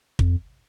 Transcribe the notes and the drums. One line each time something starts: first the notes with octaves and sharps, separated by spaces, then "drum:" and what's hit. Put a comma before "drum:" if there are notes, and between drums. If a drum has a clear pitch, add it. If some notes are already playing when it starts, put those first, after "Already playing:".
F2, drum: kick